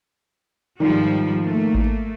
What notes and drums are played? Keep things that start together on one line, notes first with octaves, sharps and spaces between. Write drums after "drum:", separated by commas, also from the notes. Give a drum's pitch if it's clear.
G#2 D#3 F3 G3
A3 A#3
drum: kick G#1